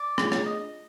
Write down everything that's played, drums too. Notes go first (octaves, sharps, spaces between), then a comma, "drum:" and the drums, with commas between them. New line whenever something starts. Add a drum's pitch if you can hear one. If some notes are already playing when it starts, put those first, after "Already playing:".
Already playing: D5
A3 D4 F4 G#4, drum: rim click
drum: rim click
D#5